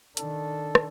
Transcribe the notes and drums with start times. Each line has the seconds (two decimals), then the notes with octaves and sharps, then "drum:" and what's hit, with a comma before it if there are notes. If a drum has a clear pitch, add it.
0.17 D#3 D4 A4, drum: hi-hat
0.75 drum: rim click